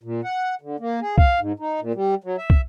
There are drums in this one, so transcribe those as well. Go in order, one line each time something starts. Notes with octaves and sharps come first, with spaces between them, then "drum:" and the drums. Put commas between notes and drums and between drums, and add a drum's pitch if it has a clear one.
A#2
F#5
D3
A#3
G#4
F5, drum: kick
G#2
D#4
A#2
G3
F#3
E5
drum: kick